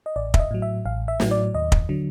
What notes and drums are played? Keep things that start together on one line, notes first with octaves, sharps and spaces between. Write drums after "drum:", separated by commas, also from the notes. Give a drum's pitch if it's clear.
D#5
A1 D5
E5, drum: kick
D#5
A2 F#3
E5
A1 F5
E5
A2 F#3, drum: snare
D5
D#2 D#5
drum: kick
D3 F#3